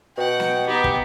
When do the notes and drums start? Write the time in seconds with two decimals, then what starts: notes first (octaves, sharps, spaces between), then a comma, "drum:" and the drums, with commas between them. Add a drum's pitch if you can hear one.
0.17 B2 F#5 G5
0.40 drum: snare
0.67 B3 D#4 G4
0.84 drum: kick